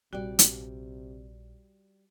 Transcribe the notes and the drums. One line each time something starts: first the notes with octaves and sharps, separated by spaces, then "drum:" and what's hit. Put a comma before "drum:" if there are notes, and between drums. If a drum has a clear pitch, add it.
A#1 C3 G3 F#4 D5 G5
drum: hi-hat